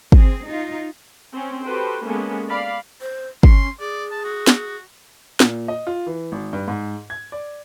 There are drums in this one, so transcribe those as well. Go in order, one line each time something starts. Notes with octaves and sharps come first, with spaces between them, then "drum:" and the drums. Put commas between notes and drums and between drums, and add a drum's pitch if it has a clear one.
C4 G#4, drum: kick
D#4 F4
C4 C#4
F#4 G4 A4 B4 C5 G5
G#3 A#3 B3 C#4 A4
D5 F5 B5
C5
C#4 C6, drum: kick
G#4 D5
A5
F#4
drum: snare
A#2, drum: snare
D#5
F4
E3
G#1
G2
G#2
G#6
D5